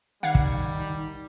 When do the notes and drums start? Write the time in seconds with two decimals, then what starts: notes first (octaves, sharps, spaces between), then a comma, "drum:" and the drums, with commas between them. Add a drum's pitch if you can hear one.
0.23 D#3 G3 D#4 F5 F#5 G#6
0.35 drum: kick